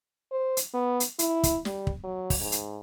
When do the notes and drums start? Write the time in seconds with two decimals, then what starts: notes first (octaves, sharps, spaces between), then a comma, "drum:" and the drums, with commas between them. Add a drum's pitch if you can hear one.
0.31 C5
0.57 drum: hi-hat
0.73 B3
1.00 drum: hi-hat
1.19 E4, drum: hi-hat
1.43 drum: kick, hi-hat
1.65 G3, drum: snare
1.87 drum: kick
2.03 F#3
2.30 drum: kick, open hi-hat
2.40 G#2
2.52 drum: hi-hat